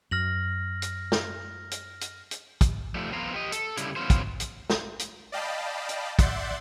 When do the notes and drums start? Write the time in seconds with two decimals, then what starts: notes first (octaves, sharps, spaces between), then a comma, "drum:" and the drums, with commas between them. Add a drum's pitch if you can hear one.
0.11 F#2 F6 A#6 F#7
0.82 drum: hi-hat
1.12 drum: snare
1.71 drum: hi-hat
2.01 drum: hi-hat
2.31 drum: hi-hat
2.61 drum: kick, hi-hat
2.95 F3 G3 A3
3.12 F3 B3 C4 F4 C5 A#5
3.34 G4 D#5
3.52 A4, drum: hi-hat
3.77 C#3 G3 E4, drum: hi-hat
3.96 B3 C#4 F4 C5
4.10 drum: kick, hi-hat
4.40 drum: hi-hat
4.70 drum: snare
4.99 drum: hi-hat
5.32 D5 D#5 F5 G5 A5 B5
5.89 drum: hi-hat
6.19 D5 E5 F#5 C6 G6 A6, drum: kick, hi-hat